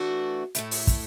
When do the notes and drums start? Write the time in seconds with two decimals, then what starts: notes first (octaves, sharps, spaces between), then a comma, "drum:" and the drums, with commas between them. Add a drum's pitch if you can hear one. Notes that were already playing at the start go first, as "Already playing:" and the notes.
Already playing: E3 A3 D4 F#4
0.55 A2 A3 E4, drum: hi-hat
0.71 drum: open hi-hat
0.87 drum: kick, hi-hat